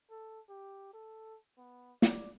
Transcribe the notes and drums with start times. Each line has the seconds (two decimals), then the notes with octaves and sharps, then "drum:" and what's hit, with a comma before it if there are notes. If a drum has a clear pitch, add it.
0.10 A4
0.49 G4
0.93 A4
1.58 B3
2.02 D5, drum: snare